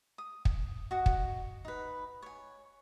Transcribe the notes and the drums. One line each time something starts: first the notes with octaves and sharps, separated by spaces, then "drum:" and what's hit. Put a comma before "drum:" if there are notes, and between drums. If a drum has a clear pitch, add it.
D#6
drum: kick
F#4 D#5 F#5
drum: kick
D#4 B4
C#5 G#5